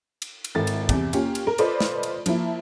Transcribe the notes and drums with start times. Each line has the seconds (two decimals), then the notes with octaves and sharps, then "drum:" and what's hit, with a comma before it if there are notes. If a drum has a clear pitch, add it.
0.22 drum: cymbal
0.44 drum: cymbal
0.55 G#1 E4 A4 A6
0.67 drum: cymbal
0.89 E2 C3, drum: kick, cymbal
1.13 A#3 C#4 F4 G4, drum: cymbal
1.35 drum: cymbal
1.47 A#4
1.58 F4 A4 B4 C5 D5 D#5, drum: cymbal
1.80 drum: snare
2.03 drum: cymbal
2.26 F3 A#3 E4, drum: cymbal